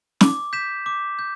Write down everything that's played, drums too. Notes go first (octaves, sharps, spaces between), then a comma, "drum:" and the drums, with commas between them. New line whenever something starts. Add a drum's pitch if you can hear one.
D6, drum: snare
G6 B6 E7
D6
G6